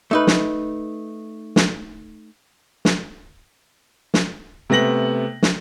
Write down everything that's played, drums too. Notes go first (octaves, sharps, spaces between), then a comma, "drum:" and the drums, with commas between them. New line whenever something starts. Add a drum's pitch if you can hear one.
A3 D#4 B4
drum: snare
drum: snare
drum: snare
drum: snare
C3 A3 B3 A#6 F#7
drum: snare